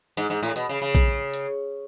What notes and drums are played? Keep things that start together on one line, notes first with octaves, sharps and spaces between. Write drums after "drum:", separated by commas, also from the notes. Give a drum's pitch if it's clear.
G#2, drum: hi-hat
G#2
A2
B2, drum: hi-hat
C#3
C#3
drum: kick A#1, hi-hat
drum: hi-hat